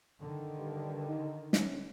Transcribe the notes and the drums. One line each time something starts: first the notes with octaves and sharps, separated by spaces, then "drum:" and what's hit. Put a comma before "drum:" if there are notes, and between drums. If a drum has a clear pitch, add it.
D3 D#3
G2
D#4
C#4, drum: snare